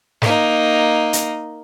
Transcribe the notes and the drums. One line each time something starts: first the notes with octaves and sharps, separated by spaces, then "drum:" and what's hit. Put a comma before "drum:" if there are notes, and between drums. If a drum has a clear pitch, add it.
A#3 D#4, drum: snare
drum: hi-hat